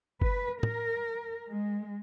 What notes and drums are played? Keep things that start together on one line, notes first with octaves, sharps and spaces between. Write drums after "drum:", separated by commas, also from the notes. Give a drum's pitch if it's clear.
B4, drum: kick
A#4, drum: tom
G#3